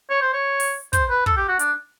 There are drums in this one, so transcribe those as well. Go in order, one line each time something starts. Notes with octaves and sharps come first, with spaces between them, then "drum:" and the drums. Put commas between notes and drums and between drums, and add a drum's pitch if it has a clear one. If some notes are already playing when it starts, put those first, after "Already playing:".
C#5
C5
C#5
drum: open hi-hat
C5, drum: kick, hi-hat
B4
A4, drum: kick
G4
F#4
D4, drum: hi-hat